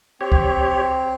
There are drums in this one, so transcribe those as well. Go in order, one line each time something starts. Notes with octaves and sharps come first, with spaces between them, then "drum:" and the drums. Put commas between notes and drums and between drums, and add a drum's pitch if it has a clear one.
C4 G4 C#5
drum: kick C#2